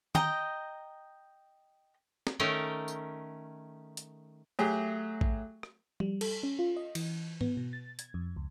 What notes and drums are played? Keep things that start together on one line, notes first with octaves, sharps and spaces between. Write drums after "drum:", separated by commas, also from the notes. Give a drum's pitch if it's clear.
D#5 G5 A#5, drum: tom D#3
drum: snare
D#3 A3 C#4 A#4 G5
drum: tambourine
drum: hi-hat
F#3 A3 G4 G#4
drum: kick
drum: rim click
G3, drum: tom F3
A4, drum: cymbal
C#4
F4
D#5
E3, drum: cymbal
B3, drum: tom G#2
B2
A6
G#6, drum: hi-hat
F2
C#2